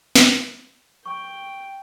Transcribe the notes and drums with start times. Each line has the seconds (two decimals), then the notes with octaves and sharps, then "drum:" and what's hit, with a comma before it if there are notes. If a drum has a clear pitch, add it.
0.15 drum: snare
1.06 G5 C#6